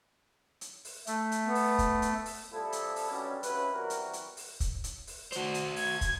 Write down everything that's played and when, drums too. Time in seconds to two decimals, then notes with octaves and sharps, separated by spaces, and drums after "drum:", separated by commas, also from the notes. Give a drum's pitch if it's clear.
0.61 drum: hi-hat
0.85 drum: open hi-hat
1.07 A3, drum: hi-hat
1.32 drum: hi-hat
1.45 B3
1.55 drum: open hi-hat
1.79 drum: kick, hi-hat
2.02 drum: hi-hat
2.26 drum: open hi-hat
2.53 C3 F3 G3 E4 A4
2.72 drum: hi-hat
2.96 drum: open hi-hat
3.11 F#2 B2 D3 G3 G#3 C#4
3.43 C#2 C3 C#4 E4 F#4 B4, drum: hi-hat
3.73 E3 G3 C4 F#4 A#4
3.90 drum: hi-hat
4.13 drum: hi-hat
4.37 drum: open hi-hat
4.60 drum: kick, hi-hat
4.84 drum: hi-hat
5.07 drum: open hi-hat
5.32 F#4 C5, drum: hi-hat
5.54 drum: hi-hat
5.76 G#6, drum: open hi-hat
6.01 drum: kick, hi-hat